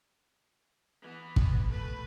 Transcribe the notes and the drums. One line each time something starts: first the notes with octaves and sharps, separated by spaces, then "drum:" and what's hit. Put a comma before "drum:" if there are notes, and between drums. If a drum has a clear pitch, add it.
E3 B3
drum: kick
A3 B4